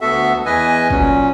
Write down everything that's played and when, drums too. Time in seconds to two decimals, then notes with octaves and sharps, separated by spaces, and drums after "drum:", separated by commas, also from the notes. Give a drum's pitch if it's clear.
0.01 D2 B3 F#4 A4 E5
0.46 E2 E3 B4 D#5 G#5
0.90 A#2 F#3 C#4, drum: kick